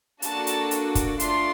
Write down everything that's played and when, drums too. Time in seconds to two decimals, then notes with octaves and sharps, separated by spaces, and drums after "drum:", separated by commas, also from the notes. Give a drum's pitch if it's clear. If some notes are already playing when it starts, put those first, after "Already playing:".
0.22 A#3 D4 F#4 A4 A5, drum: hi-hat
0.47 drum: hi-hat
0.71 drum: hi-hat
0.95 drum: kick, hi-hat
1.20 A3 D4 F4 C6, drum: hi-hat